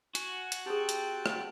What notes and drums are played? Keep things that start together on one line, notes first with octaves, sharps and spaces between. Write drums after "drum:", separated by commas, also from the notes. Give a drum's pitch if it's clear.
F#4 G#5, drum: hi-hat
drum: hi-hat
C4 G4 G#4 G5 A5
drum: hi-hat
drum: rim click